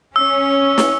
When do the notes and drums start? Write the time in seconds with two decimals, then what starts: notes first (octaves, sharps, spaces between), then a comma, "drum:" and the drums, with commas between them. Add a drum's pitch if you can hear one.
0.16 C#4 E6
0.78 drum: snare